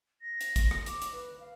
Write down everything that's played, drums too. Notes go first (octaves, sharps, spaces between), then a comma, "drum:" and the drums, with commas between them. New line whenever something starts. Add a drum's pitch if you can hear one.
A#6
drum: hi-hat
drum: kick, hi-hat
drum: rim click
D6, drum: hi-hat
drum: hi-hat
B4
F5